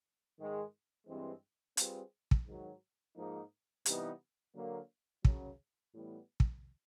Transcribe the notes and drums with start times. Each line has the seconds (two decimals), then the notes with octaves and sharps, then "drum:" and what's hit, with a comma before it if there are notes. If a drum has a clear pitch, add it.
0.38 G#2 D#3 G#3
1.07 G2 E3 G#3 C4
1.77 G3 C4 F4 G#4 B4, drum: hi-hat
2.31 drum: kick
2.47 G#2 D#3 F#3
3.16 G#2 F3 A#3 D#4
3.86 C3 E3 G3 B3 D#4, drum: hi-hat
4.55 D3 F#3 A#3
5.25 F#2 C#3 F#3, drum: kick
5.93 A2 E3 G3 B3
6.40 drum: kick